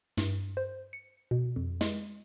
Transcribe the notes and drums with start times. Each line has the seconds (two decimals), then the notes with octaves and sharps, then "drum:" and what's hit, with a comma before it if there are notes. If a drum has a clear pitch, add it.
0.17 G2, drum: snare
0.57 C5
0.93 C#7
1.31 B2
1.56 F2
1.81 G#3, drum: snare